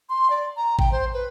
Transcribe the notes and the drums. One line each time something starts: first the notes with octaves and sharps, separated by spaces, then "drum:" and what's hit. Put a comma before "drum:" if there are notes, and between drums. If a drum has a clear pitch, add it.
C6
D5
A#5
G5, drum: kick A1
C5
B4